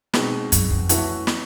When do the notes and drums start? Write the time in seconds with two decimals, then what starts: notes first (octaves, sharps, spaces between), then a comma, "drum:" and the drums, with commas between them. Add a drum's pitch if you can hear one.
0.13 B2 G#3 C4 D#4 F#4, drum: snare
0.52 F#2, drum: hi-hat
0.70 F2
0.89 E3 A3 C#4 F#4, drum: hi-hat
1.27 drum: snare